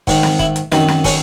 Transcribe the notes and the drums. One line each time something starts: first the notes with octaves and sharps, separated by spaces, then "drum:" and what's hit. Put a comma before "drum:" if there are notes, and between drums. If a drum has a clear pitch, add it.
G#2 D#3, drum: kick, open hi-hat
drum: snare
E4, drum: kick
drum: hi-hat
F#2 D#3 D#4, drum: snare
drum: snare
C#4, drum: kick, open hi-hat